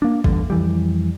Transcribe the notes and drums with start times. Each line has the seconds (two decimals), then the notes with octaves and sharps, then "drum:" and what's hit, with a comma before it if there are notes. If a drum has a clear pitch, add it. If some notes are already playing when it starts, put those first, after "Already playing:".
0.02 A#3 D4
0.24 F1 E2 G2 D3, drum: kick A1
0.50 F2 E3 G3